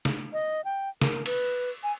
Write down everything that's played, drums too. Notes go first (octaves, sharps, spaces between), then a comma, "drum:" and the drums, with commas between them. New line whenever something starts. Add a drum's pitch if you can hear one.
drum: snare
D#5
G5
A#4, drum: snare
B4, drum: cymbal
G#5